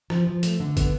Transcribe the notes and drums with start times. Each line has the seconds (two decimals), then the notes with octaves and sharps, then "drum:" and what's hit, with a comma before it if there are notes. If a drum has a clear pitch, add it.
0.10 F3, drum: rim click
0.27 F3
0.43 A3, drum: hi-hat
0.60 D3
0.77 B3, drum: kick, hi-hat